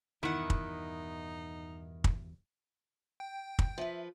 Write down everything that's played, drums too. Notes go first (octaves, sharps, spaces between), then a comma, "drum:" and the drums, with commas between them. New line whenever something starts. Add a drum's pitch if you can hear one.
E2 G2 B2 D#3 D#4 E4 F#5
drum: kick
drum: kick
G5
drum: kick
F3 B4 E5